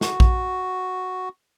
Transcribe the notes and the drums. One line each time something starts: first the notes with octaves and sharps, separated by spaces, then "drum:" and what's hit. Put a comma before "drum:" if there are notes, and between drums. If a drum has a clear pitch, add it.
F#4, drum: snare
drum: kick A#1